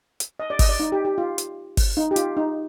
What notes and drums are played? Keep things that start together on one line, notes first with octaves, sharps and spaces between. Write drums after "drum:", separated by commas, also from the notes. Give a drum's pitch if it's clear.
drum: hi-hat
D#5
D5
D#5, drum: kick G#1, open hi-hat
D5
D#4
G4
G4
F4
drum: hi-hat
drum: kick G#1, open hi-hat
D#4
G4
F4, drum: hi-hat
D#4